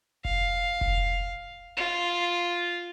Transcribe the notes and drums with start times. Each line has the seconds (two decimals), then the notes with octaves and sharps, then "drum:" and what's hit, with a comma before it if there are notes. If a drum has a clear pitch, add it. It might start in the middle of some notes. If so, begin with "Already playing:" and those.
0.25 F5, drum: kick F1
0.81 drum: kick F1
1.77 F4